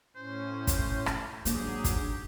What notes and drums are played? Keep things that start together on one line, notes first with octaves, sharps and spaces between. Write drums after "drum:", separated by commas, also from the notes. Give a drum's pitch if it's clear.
A2 C#4 C5
drum: kick, hi-hat
drum: rim click
D2 G#2 F#3 A#3 G4 G#4, drum: hi-hat
drum: kick, hi-hat